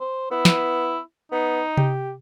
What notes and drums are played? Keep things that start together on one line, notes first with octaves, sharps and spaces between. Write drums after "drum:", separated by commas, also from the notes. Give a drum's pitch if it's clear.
C5
B3 E4
drum: snare
B3 D#4
G4, drum: tom C3